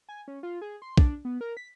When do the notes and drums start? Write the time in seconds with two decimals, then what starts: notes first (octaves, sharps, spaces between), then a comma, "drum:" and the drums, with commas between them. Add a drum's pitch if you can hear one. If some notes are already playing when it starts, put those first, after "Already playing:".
0.09 G#5
0.28 C#4
0.43 F4
0.61 G#4
0.82 C6
0.98 D4, drum: kick B1
1.25 B3
1.41 A#4
1.57 B6